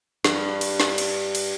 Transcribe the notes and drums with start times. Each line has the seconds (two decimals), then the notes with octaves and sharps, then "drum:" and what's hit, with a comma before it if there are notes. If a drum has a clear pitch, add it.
0.24 G2, drum: snare
0.61 drum: cymbal
0.80 drum: snare
0.98 drum: cymbal
1.35 drum: cymbal